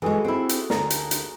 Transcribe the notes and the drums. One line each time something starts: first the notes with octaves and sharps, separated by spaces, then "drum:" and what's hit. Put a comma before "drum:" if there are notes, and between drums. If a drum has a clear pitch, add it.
E3 G#3 F#4 G#4 A4
C4 E4
drum: hi-hat
D2 D3 A#4 A#5, drum: snare
drum: hi-hat
drum: hi-hat